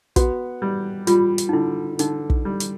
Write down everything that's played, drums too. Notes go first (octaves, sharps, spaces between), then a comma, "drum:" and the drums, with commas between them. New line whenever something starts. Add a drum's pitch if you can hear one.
B3 F#4, drum: kick, hi-hat
G3
G3 F4, drum: hi-hat
drum: hi-hat
D#4
D3 E4
D3 D#4, drum: hi-hat
drum: kick
G3
drum: hi-hat